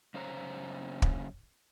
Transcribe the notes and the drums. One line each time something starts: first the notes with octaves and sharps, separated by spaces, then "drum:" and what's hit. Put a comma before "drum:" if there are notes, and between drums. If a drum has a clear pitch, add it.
F#2 C#3 C5 C#5 A#5
drum: kick